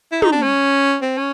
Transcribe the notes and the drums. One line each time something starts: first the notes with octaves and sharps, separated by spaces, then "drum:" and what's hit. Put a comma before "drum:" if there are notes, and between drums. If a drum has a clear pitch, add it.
E4
D#4, drum: tom
D4
C#4
C4
C#4